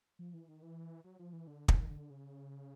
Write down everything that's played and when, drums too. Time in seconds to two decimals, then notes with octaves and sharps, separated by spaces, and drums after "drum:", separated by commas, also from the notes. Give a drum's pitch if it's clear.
0.19 F3
0.34 E3
0.48 D#3
0.62 E3
1.04 F#3
1.19 F3
1.33 E3
1.47 D3
1.68 D#3, drum: kick
1.90 D3
2.10 C#3